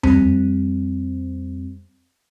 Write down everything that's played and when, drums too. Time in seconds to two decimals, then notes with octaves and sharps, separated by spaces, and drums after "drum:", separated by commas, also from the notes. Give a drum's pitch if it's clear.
0.03 F2 G3 C4, drum: tom E2